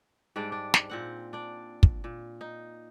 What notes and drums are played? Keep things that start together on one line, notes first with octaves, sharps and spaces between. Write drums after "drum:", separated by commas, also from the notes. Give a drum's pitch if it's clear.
G#2 G3 D4 D5
D4
drum: snare
A#2 C4 F#5
D4 D5
drum: kick
A#2
D#4